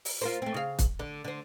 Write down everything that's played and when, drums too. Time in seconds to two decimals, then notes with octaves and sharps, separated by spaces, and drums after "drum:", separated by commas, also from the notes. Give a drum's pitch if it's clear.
0.05 drum: open hi-hat
0.21 F4 A#4 C5
0.42 A3 C4
0.54 C#3 F5
0.79 drum: kick, hi-hat
0.99 D3
1.24 D3 C5